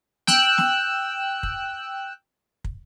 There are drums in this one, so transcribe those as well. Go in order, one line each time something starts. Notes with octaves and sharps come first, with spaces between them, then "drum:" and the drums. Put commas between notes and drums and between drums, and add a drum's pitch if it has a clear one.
G5 E6 F#6, drum: snare
drum: snare
drum: kick
drum: kick